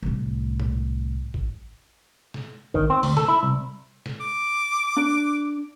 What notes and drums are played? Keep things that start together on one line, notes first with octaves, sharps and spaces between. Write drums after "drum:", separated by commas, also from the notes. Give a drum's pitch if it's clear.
C2 A2
drum: tom
drum: kick
drum: snare
D#3, drum: kick
C4
D2, drum: open hi-hat
A4, drum: snare
E4
C2
drum: snare
D6
D4